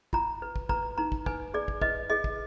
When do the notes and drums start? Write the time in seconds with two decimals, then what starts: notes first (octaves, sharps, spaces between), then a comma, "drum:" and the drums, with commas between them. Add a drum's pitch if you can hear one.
0.13 F4 A#5, drum: kick
0.42 B4
0.56 drum: kick
0.69 B4 A#5, drum: kick
0.98 D#4 A#5
1.12 drum: kick
1.26 B4 G#5, drum: kick
1.54 G#4 D5
1.68 drum: kick
1.81 B4 D#5, drum: kick
2.10 G#4 D#5
2.24 drum: kick